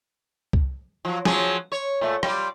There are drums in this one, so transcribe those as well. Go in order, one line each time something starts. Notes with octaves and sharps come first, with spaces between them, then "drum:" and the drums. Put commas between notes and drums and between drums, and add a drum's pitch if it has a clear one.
drum: kick C2
F3 F#3
F3 F#3 G#4, drum: snare
C#5
A#2 A3
G3 F4 D5, drum: rim click